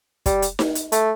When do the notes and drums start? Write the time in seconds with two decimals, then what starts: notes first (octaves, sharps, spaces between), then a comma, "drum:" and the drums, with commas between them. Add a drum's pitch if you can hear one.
0.26 G3, drum: kick, hi-hat
0.42 drum: hi-hat
0.59 drum: snare D#4
0.75 drum: hi-hat
0.92 A3, drum: hi-hat